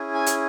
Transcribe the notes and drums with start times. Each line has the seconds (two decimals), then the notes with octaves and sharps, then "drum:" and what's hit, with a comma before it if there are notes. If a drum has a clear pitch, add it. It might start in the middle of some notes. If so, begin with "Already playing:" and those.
Already playing: C#4 E4 G#4
0.15 G#5
0.26 drum: hi-hat